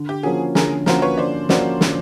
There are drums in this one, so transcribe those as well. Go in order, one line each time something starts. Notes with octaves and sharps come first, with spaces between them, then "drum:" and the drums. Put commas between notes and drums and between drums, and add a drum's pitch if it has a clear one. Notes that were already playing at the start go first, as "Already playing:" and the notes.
Already playing: D3
G4
F3 A#3 C#4 F#4 G#4
D3 G#4 A#4, drum: snare
F3 A#3 C#4 F#4 A#4 C5, drum: snare
B4 C#5
D3 C5 D5
F3 A#3 C#4 F#4 C5 D5, drum: snare
D3, drum: snare